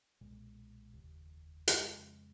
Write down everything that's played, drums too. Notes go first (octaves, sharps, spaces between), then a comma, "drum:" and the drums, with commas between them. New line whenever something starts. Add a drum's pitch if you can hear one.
B1 A#2 G#3
F1 D#2 C#3
F2 C#3 G#3 C#4, drum: hi-hat